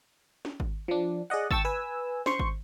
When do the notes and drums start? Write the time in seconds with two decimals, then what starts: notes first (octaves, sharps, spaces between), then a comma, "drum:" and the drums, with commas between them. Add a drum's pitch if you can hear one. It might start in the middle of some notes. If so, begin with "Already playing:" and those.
0.45 drum: snare
0.60 drum: kick G#1
0.88 F3 D4
1.30 G#4 D5 D#5 F#5
1.51 G5 A5 C#6 E6 A6, drum: kick G#1
1.65 B4 G#5 E6
2.26 C5 C6 C#6, drum: snare
2.39 drum: kick G#1